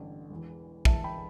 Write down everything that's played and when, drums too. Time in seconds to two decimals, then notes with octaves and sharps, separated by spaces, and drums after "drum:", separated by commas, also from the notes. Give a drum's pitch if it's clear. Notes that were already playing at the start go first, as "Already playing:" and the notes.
Already playing: A1 G2 D3
0.30 E1 E2 E3
0.85 E1 E2 E3 E5 A5, drum: kick
1.04 G5 B5